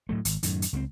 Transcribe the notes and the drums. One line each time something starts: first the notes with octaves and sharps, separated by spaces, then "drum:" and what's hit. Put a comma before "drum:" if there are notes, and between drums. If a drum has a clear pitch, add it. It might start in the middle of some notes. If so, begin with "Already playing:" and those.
A2 F#3 A3
G#1, drum: hi-hat
F#2 A2 D#3, drum: hi-hat
drum: hi-hat
C#2 F#3 C4